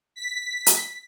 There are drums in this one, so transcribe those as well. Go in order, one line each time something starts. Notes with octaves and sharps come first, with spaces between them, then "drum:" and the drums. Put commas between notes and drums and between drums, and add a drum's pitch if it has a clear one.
B6
drum: hi-hat